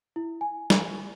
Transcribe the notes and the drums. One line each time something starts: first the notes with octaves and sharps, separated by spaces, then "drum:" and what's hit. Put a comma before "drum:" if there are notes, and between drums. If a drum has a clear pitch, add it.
E4
G#5
drum: snare